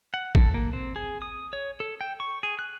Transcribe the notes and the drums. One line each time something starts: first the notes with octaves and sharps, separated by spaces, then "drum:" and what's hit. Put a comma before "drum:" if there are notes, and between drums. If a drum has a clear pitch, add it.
F#5
A4, drum: kick A1
A#3
C4
G#4
D#6
C#5
A4
G5
C#6
G#4
F#6